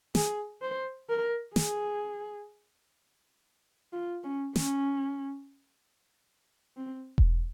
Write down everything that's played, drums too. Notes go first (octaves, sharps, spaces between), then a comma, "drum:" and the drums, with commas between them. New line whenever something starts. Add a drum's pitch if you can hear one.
G#4, drum: snare
C5
A#4
G#4, drum: snare
F4
C#4
C#4, drum: snare
C4
drum: kick E1